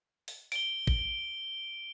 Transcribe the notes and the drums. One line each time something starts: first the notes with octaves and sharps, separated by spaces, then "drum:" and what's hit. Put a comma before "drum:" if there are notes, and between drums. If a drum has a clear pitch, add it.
drum: open hi-hat
D7 G7, drum: open hi-hat
drum: kick